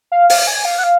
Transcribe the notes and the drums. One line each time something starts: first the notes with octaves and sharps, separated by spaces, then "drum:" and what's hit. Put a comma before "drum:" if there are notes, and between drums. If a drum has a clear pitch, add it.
F5
F5, drum: open hi-hat
G#5
F5
F#5
F5